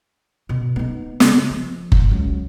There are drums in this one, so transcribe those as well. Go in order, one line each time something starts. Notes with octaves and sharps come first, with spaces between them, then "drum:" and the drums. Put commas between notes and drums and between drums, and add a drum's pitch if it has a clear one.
B2
B3 D#4
C#3, drum: snare
F3
drum: kick F#1
C#2 F#3